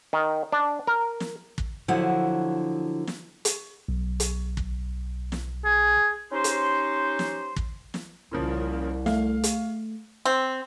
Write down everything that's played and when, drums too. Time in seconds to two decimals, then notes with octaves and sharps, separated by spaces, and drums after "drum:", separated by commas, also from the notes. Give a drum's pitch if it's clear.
0.13 D#3
0.52 D4
0.87 A#4
1.20 drum: snare
1.58 drum: kick
1.88 D3 F3 F#3 E4 F#5
3.07 drum: snare
3.45 drum: hi-hat
3.89 B1
4.20 drum: hi-hat
4.57 drum: kick
5.32 drum: snare
5.65 G#4
6.32 C#4 D#4 G4 C5
6.44 drum: hi-hat
7.19 drum: snare
7.56 drum: kick
7.94 drum: snare
8.31 C2 A#2 C#3 F3
9.06 A3 F5, drum: snare
9.44 drum: hi-hat
10.25 C4